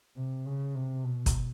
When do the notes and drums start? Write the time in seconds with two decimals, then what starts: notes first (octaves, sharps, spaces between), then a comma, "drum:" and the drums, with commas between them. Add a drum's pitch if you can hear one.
0.17 C3
0.46 C#3
0.75 C3
1.04 B2
1.26 drum: kick, hi-hat